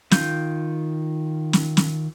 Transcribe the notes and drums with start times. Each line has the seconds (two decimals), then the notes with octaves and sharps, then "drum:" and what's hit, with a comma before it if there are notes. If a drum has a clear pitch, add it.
0.11 D#3 F4 G6, drum: snare
1.53 drum: snare
1.77 drum: snare